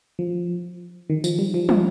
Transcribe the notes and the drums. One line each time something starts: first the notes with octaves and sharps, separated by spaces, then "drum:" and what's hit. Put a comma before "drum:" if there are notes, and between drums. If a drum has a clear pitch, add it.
F3
D#3
F3, drum: tambourine
G3
F3
F3, drum: tom